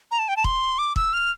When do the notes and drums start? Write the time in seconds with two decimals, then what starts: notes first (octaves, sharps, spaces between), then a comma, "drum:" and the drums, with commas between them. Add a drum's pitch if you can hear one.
0.11 A#5
0.19 A5
0.28 G5
0.37 A5
0.44 C6, drum: kick
0.78 D6
0.96 E6, drum: kick
1.13 F6